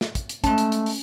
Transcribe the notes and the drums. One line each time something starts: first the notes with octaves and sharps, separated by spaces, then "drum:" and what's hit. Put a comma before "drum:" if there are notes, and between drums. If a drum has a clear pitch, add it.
drum: snare
drum: kick, hi-hat
drum: hi-hat
G#3 A3 C#4 A5, drum: kick, hi-hat
drum: hi-hat
drum: hi-hat
drum: open hi-hat